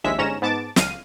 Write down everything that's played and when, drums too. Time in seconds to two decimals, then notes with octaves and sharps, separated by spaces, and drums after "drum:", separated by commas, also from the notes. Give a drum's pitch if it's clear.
0.04 A#1 D#2 G#3 E5 B6
0.18 G1 G#2 C#4 A#5 E7
0.42 G#2 B3 A5 D6 A6
0.76 C#2 F5 D#7, drum: snare